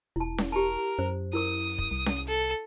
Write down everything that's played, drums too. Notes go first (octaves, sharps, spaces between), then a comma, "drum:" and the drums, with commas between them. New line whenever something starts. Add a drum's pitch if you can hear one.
E1 E4 A5
drum: snare C#4
G4 A#4 A5
F#2 C5
E4 A#4 D6 D#6
drum: kick
C2
drum: snare C#4
A4